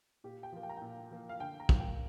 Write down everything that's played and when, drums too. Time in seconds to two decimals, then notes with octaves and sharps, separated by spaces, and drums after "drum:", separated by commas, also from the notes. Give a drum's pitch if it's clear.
0.24 A#2 G4
0.43 G5
0.52 F3 A#3
0.63 G5
0.69 A#5
0.77 A#2 G5
1.11 F3 A#3
1.29 F5
1.40 D3 G5
1.60 A#5
1.69 A#3, drum: kick
1.80 G5